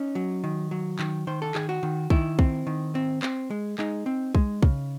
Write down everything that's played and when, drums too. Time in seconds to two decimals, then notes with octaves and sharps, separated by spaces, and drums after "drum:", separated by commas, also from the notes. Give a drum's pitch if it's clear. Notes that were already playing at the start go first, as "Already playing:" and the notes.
Already playing: C#4 D#4
0.15 F#3
0.44 D#3
0.71 F#3
0.99 D#3, drum: clap
1.27 D#3 C5
1.42 A4
1.55 D#3 G#4, drum: clap
1.69 F#4
1.83 D#3
2.10 D#3 E4, drum: kick
2.39 C4, drum: kick
2.67 D#3
2.95 C4
3.23 C4, drum: clap
3.50 G#3
3.78 G#3 D#4, drum: clap
4.06 C4
4.35 G#3, drum: kick
4.63 C#3, drum: kick